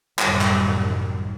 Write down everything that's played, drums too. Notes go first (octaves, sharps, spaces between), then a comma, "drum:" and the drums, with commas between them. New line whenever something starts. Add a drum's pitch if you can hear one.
G1 C2 F#2 A2 D#3 G3, drum: clap
drum: clap